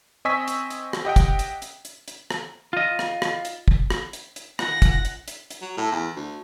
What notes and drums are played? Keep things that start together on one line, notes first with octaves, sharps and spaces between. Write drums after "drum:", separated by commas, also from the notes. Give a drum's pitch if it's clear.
C4 D#5 G#5 C#6 E6 B6
drum: hi-hat
drum: hi-hat
drum: rim click
G4 D#5 F#5 G5
drum: kick, hi-hat
drum: hi-hat
drum: hi-hat
drum: hi-hat
drum: hi-hat
drum: rim click
F4 D#5
drum: rim click
drum: rim click
drum: hi-hat
drum: kick
drum: rim click
drum: hi-hat
drum: hi-hat
D#3 F4 F#5 G#5 A#6, drum: rim click
drum: kick, hi-hat
drum: hi-hat
drum: hi-hat
drum: hi-hat
F#3
A2
E2
D2